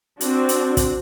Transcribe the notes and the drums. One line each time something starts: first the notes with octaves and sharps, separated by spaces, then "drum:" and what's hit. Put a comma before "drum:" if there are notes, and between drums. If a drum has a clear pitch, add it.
C4 D4 F#4, drum: hi-hat
drum: hi-hat
drum: kick, hi-hat